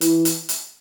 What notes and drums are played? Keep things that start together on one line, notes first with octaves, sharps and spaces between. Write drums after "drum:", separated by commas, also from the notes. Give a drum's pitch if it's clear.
E3, drum: hi-hat
drum: hi-hat
drum: hi-hat